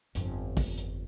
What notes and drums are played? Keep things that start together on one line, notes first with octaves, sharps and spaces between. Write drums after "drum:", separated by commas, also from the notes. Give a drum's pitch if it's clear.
G1 F2, drum: hi-hat
drum: kick, open hi-hat
drum: hi-hat